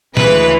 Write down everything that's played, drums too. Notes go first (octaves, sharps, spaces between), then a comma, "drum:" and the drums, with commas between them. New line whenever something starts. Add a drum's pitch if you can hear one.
D2 C#3 E3 G#3 B4, drum: snare